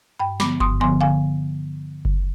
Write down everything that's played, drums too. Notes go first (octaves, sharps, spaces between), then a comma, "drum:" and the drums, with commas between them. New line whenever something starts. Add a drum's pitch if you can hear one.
G2 G5 B5
D3 F3 B3 B5 D6, drum: snare
G2 C6 D#6, drum: kick F#1
D3 F3 B3 G#5 C6
D3 F5 G#5
drum: kick F#1